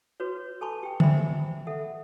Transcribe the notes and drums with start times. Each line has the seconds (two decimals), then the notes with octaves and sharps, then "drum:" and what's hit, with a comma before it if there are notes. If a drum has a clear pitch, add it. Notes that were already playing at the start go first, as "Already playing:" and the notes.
0.20 F#4 B4 C#5
0.61 A4 G#5 A5 B5 C#6
0.83 G4 G5
1.00 C5 E5 G5 G#5 B5, drum: tom D3
1.67 A4 E5 F#5